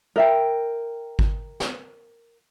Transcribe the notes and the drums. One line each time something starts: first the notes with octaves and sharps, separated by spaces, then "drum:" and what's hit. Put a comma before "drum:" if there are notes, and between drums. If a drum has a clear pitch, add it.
A#4 E5 G5
drum: kick G#1
drum: snare